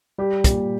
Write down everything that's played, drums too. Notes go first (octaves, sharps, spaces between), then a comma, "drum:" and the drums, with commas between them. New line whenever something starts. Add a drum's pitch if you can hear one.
G3 G4
A#2, drum: kick, hi-hat